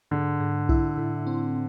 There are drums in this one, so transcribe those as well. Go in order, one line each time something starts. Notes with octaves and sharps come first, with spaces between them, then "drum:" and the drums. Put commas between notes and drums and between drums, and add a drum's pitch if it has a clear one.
G#2 D3
G#2
E4, drum: kick B1
A2
C4